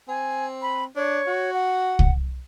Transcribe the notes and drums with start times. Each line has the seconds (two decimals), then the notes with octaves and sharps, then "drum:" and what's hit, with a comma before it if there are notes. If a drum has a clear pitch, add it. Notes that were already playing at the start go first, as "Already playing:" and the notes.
0.09 C4 G#5
0.62 B5
0.96 D4 C#5
1.27 F#4
1.54 F#5
1.99 drum: kick C2